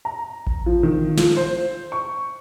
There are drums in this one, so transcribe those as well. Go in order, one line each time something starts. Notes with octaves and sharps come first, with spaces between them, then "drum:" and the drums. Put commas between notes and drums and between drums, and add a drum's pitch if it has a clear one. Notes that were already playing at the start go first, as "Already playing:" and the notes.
A#5
drum: kick A1
F3
D#3
F3, drum: snare
C5
C#6